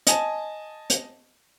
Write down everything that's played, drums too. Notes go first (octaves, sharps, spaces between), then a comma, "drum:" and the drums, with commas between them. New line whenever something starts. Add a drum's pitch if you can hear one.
D#5 G#5 A5, drum: hi-hat
drum: hi-hat